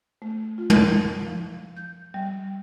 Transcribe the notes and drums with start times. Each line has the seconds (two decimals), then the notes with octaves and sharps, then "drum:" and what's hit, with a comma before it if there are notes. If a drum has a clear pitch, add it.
0.22 A3
0.58 F4
0.70 drum: tom
1.27 F3
1.77 G6
2.14 G3